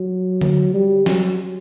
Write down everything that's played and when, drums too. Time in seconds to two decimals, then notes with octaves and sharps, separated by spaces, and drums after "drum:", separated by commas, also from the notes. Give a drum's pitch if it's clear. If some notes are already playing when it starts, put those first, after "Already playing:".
Already playing: F#3
0.41 drum: tom D3
0.74 G3
1.06 F#3, drum: snare